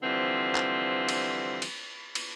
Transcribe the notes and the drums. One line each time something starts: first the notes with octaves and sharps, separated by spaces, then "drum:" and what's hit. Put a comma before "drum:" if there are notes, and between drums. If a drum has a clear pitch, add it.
D3 E3 F3 G3 C4
drum: clap
drum: cymbal
drum: cymbal
drum: cymbal